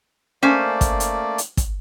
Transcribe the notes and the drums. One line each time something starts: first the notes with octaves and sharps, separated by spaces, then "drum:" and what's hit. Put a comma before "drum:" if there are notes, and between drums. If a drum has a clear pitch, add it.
A3 A#3 C#4 C5 D5 G#5
drum: kick, hi-hat
drum: hi-hat
drum: hi-hat
drum: kick, hi-hat